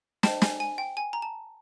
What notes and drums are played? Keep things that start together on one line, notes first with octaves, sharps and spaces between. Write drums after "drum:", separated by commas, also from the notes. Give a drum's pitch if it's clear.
C5 D#5 G5 A5, drum: snare
G#5, drum: snare
G#5
G5
G#5
A#5
A5